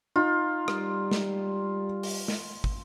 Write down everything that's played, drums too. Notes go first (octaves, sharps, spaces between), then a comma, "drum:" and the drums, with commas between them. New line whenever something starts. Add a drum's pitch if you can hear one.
D#4 F4
G3, drum: rim click
drum: snare
drum: open hi-hat
drum: snare
drum: kick